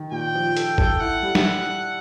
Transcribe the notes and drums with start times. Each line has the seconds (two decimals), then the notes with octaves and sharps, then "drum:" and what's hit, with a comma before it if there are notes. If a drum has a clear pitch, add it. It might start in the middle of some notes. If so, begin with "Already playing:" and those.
Already playing: D#3
0.12 A#2 G5
0.35 F3
0.57 A4, drum: hi-hat
0.78 A4, drum: kick
1.00 E4 F#5
1.22 G3
1.35 drum: snare